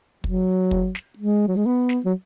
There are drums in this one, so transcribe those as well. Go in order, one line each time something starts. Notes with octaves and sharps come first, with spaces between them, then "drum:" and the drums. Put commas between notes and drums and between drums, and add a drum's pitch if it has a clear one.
F#3, drum: kick
drum: kick
drum: snare
G#3
F#3
G#3
B3
drum: snare
F#3